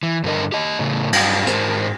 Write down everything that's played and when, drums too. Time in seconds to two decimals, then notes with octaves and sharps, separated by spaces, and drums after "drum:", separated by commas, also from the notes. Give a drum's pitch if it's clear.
0.03 E3
0.24 G2 D3 A#4 D#5
0.52 G4 D#5
0.79 A2 C#3
1.13 G2 F#3 F5, drum: cymbal
1.47 G#2 A#4 C5, drum: hi-hat